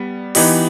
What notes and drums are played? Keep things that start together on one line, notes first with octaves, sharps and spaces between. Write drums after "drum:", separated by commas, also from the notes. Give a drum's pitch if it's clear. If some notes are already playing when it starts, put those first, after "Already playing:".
Already playing: G3 B3
E3 B3 D#4 G4, drum: open hi-hat